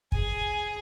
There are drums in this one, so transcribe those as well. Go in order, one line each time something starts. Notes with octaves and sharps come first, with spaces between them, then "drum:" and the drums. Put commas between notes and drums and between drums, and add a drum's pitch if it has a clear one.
G#4 G#5, drum: kick